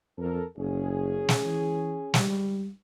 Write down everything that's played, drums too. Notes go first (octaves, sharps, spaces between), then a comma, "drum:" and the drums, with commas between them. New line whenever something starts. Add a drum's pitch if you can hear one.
F2 A4 A#4
F#1 C#4 G#4
drum: snare
E3
G3, drum: snare